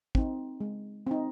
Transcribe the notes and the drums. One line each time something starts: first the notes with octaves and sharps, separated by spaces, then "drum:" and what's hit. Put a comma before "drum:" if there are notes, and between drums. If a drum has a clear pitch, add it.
C4 D#4, drum: kick
G#3
C4 D#4